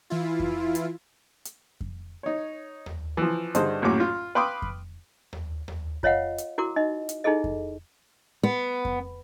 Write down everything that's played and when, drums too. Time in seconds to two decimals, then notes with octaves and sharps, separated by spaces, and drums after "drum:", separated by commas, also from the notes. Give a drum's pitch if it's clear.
0.10 E3 E4 F4
0.40 drum: kick F2
0.75 drum: hi-hat
1.45 drum: hi-hat
1.81 drum: kick F2
2.23 D#4 C#5
2.86 drum: tom D#2
3.17 E3 F3
3.55 G2 D3 D#4 G#4 C5, drum: hi-hat
3.82 A#1 F#2 A2 C#4 D6
4.00 F4
4.35 B4 F5 G5 C6 D6 D#6
4.62 drum: kick F2
5.33 drum: tom D#2
5.68 drum: tom D#2
6.03 F4 C#5 D#5 F5 F#5, drum: kick F2
6.38 drum: hi-hat
6.58 E4 F#4 A#4 D6
6.76 D#4 D#5
7.09 drum: hi-hat
7.24 D#4 E4 G#4 A4 D#5
7.44 drum: kick F2
8.43 B3
8.85 drum: kick F2